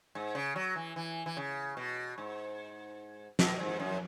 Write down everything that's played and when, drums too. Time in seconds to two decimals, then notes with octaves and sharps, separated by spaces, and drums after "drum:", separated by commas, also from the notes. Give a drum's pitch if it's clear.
0.15 G#2
0.35 C#3
0.56 F#3
0.76 E3
0.96 E3
1.26 E3
1.37 C#3
1.77 B2
2.18 G#2
3.39 B2, drum: snare
3.59 G#2
3.80 F#2